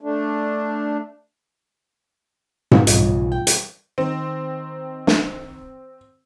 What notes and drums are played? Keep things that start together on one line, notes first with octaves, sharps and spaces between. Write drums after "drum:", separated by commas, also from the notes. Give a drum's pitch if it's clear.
A3 D4
drum: tom G#2
B1 C#3 E3 G3 F4 C#5 D#5, drum: hi-hat
G5
drum: hi-hat
D#3 C4
drum: snare